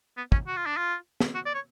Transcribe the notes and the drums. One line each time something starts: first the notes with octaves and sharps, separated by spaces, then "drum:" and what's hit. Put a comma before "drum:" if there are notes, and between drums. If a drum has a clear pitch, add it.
B3
C#4, drum: kick
F#4
F4
D4
F4
drum: snare
F#4
D5
C#5